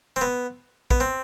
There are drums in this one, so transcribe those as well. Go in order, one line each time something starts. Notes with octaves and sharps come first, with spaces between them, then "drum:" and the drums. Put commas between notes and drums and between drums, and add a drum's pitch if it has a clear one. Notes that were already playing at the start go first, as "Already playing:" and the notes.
C4
B3
B3, drum: kick A#1
C4